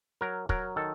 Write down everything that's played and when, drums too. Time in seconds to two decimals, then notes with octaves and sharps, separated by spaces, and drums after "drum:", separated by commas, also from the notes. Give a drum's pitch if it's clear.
0.21 F#3 A#4
0.49 F#3 A#4, drum: kick
0.76 D#3 A4